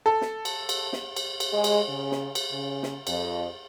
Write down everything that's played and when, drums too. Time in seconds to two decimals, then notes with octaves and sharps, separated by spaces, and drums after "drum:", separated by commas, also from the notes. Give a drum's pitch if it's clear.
0.06 A4
0.21 drum: snare
0.45 drum: cymbal
0.69 drum: cymbal
0.93 drum: snare
1.16 drum: cymbal
1.40 drum: cymbal
1.52 G#3
1.64 drum: cymbal
1.89 C#3
2.12 drum: snare
2.35 drum: cymbal
2.52 C#3
2.83 drum: snare
3.07 F2, drum: cymbal